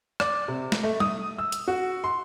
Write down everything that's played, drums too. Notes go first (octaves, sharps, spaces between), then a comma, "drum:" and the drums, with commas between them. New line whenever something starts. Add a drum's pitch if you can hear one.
D5, drum: rim click
C3
drum: snare
A3
D#6, drum: tom G3
E6
drum: hi-hat
F#4
C6